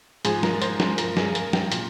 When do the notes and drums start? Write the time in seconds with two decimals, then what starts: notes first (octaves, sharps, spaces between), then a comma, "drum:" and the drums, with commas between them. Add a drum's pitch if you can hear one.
0.25 G#2 F3 G#4, drum: hi-hat
0.43 A#4, drum: snare
0.62 C5, drum: hi-hat
0.80 drum: snare
0.98 G2 F3 A#4, drum: hi-hat
1.17 G#4, drum: snare
1.28 G#4
1.35 A#4, drum: hi-hat
1.53 G5, drum: snare
1.72 A#2, drum: hi-hat